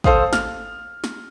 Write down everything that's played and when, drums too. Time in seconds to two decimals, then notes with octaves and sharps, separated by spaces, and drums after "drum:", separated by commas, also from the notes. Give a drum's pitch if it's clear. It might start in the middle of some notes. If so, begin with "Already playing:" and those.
0.04 A4 C5 F5 D#6, drum: kick
0.33 F6, drum: snare
1.04 drum: snare